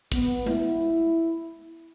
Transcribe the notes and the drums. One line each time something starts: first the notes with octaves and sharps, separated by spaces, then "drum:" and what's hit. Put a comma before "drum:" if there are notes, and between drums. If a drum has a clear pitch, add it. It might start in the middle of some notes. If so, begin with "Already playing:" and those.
B3, drum: kick
E4, drum: tom G#3